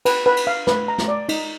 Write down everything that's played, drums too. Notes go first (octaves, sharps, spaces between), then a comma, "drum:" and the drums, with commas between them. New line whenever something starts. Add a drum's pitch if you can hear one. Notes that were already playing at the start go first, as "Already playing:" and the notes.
B4, drum: cymbal
B4
drum: cymbal
F5
B4, drum: snare
A#5
drum: snare
D5
D#4, drum: cymbal